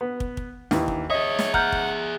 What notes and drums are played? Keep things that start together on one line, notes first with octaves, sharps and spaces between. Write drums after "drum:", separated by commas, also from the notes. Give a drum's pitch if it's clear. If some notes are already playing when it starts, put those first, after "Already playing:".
B3
drum: kick
drum: kick
D#2 E3, drum: snare
drum: kick
G#4 C#5 D#5 E5
drum: snare
F#5 A#5 F6 G6, drum: kick
drum: kick